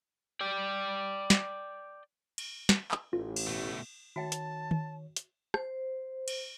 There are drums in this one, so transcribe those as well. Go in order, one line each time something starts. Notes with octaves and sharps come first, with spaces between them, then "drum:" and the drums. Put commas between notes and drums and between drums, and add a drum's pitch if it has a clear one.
D5 G5
drum: snare
drum: cymbal
drum: snare
drum: clap
A1 F4
drum: cymbal
B2 A3
D#3 F#4 C#5 E5 G5 A5
drum: hi-hat
drum: tom
drum: hi-hat
C5, drum: rim click
drum: cymbal